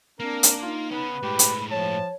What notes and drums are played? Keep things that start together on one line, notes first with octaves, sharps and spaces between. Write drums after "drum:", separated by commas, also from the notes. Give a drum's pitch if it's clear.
A#3 C4 D4 A#4
drum: hi-hat
D#4 F4
C#3 B3 C#4 B4
A2 G#3 G4 B5
drum: hi-hat
F3 C#5 A5